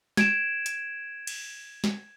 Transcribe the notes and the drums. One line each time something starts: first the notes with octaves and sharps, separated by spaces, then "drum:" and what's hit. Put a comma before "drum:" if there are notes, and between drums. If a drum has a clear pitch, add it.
G#6 D7 E7, drum: snare
drum: hi-hat
drum: cymbal
drum: snare